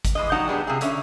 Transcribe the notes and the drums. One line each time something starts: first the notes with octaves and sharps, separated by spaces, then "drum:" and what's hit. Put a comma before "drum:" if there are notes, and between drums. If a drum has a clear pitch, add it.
drum: kick G#1, hi-hat
E3 G#3 D#5
F#3 G3 D#4 F#5 A5
G3 G#3 B3 D4
C3 F4 G#4
D3 C#4 E5, drum: hi-hat